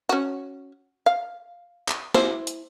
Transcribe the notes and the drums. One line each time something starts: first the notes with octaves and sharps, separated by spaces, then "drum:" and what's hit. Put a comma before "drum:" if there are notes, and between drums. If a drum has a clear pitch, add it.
C#4 F#4
F5
drum: clap
E4 C5, drum: snare
drum: hi-hat